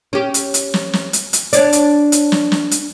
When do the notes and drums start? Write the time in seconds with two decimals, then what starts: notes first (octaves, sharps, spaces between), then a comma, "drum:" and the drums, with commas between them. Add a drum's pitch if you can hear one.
0.13 C#4 G4
0.34 drum: hi-hat
0.54 drum: hi-hat
0.74 drum: snare
0.93 drum: snare
1.13 drum: hi-hat
1.33 drum: hi-hat
1.53 D4 C#5 D5, drum: hi-hat
1.73 drum: hi-hat
2.12 drum: hi-hat
2.32 drum: snare
2.52 drum: snare
2.71 drum: hi-hat